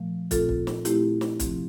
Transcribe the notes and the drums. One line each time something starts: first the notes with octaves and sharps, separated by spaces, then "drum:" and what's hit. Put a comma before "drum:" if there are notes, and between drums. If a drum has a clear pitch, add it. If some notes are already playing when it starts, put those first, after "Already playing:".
Already playing: A#2 F3 A3
A#2 A3 C4 F4 A4, drum: kick, hi-hat
drum: kick
drum: snare
A#2 A3 C4 E4 G4, drum: hi-hat
drum: snare
C3 F3 C4, drum: kick, hi-hat